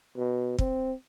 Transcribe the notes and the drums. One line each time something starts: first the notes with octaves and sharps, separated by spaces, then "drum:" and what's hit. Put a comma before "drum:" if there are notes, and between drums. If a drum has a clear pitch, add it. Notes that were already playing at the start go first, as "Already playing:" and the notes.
B2
C4, drum: kick